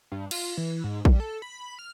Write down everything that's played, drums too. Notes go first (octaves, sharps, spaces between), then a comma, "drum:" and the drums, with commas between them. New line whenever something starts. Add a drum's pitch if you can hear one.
G2
F4, drum: cymbal
E3
G#2
G3, drum: kick A#1
A4
B5
F6